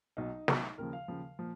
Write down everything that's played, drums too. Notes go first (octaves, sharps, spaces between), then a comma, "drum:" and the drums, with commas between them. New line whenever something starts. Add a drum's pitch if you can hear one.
B1 B2 F#3 D#4
B1 B2 F#3, drum: snare
D#2 C#3 F3 A#4
F5
D#2 C#3 F3
A#2 F3